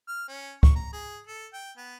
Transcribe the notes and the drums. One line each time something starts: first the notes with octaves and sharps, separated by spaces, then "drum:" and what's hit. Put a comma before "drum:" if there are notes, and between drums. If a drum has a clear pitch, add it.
F6
C#4
C#6, drum: kick
A#5
G#4
A4
G5
B3